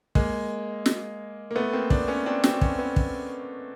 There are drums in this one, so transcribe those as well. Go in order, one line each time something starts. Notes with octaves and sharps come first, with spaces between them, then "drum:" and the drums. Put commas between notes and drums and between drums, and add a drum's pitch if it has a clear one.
G#3 A#3, drum: kick
drum: snare
A#3
A3 B3
A#3 C4
C4 D4, drum: kick
B3 C#4
C4 D4
C4 D4, drum: snare
B3 C#4, drum: kick
B3 C#4
drum: kick